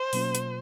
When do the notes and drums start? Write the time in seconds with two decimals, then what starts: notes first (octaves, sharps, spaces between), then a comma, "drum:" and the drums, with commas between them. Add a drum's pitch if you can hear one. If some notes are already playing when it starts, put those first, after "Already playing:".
Already playing: C5
0.13 B2 F#3 A#3 C#4 F4, drum: open hi-hat
0.35 drum: hi-hat